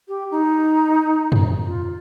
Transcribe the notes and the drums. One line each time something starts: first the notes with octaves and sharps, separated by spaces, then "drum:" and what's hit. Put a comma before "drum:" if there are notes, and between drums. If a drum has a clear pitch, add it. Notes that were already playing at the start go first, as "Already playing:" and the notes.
G4
D#4
drum: tom
F4